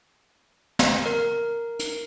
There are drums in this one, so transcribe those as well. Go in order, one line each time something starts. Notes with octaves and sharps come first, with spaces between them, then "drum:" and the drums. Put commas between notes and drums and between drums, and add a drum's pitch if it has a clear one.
drum: snare
A#4
drum: hi-hat